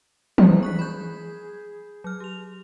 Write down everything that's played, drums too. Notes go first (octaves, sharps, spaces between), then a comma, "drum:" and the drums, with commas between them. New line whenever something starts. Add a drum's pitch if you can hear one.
G#4 A#4 A#5, drum: tom E3
C#6 F#6 B6
B5 G6
F#3 F6
G4 F7